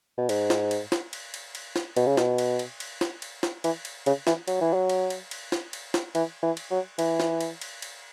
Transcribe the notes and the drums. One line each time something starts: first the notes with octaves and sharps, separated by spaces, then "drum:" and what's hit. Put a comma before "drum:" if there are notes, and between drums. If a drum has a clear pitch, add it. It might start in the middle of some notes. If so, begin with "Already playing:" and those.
B2
G#2, drum: cymbal
drum: snare
drum: cymbal
drum: snare
drum: cymbal
drum: cymbal
drum: cymbal
drum: snare
B2, drum: cymbal
C#3
B2, drum: snare
drum: cymbal
drum: cymbal
drum: cymbal
drum: snare
drum: cymbal
drum: snare
E3, drum: cymbal
drum: cymbal
C#3, drum: cymbal
E3, drum: snare
F#3, drum: cymbal
E3
F#3
drum: cymbal
drum: cymbal
drum: cymbal
drum: snare
drum: cymbal
drum: snare
E3, drum: cymbal
E3
drum: cymbal
F#3
E3, drum: cymbal
drum: snare
drum: cymbal
drum: cymbal
drum: cymbal